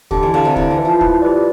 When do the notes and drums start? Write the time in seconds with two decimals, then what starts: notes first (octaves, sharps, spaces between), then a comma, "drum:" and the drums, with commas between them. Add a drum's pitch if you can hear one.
0.11 D3 G4, drum: kick D2
0.23 E3
0.34 D3 D5 F5 A5
0.45 C3
0.56 D3 E4, drum: kick D2
0.71 E3
0.78 B4 E5 A5
0.85 F3
1.01 E4, drum: kick D2
1.22 G4 B4 D5